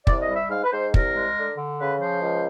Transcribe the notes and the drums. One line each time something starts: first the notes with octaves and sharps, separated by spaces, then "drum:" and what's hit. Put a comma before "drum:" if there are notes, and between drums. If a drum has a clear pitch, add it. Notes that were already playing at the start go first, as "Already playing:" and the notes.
C2 D5, drum: kick
D#5
G3
E5
G#2 F5
B4
G#2 C5
C2 A#4, drum: kick
G#3
D3
D3
C#3 B4
F3 C5
C#2